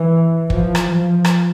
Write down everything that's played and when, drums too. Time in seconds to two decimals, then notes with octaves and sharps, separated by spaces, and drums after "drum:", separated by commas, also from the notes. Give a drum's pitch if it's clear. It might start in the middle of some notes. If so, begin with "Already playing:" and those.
Already playing: E3
0.50 F3, drum: kick
0.75 drum: rim click
0.87 F3
1.25 drum: rim click